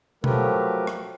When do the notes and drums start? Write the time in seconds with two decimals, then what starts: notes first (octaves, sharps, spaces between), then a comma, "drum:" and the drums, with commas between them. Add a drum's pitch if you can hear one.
0.24 F3 F#3 A3 G4 A#4 B4, drum: tom B2
0.87 drum: rim click